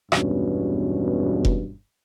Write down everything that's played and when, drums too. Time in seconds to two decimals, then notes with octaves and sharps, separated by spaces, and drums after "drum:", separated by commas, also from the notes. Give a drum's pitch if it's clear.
0.12 G#1 E2 G2 B2 C#4, drum: rim click
1.45 drum: kick F1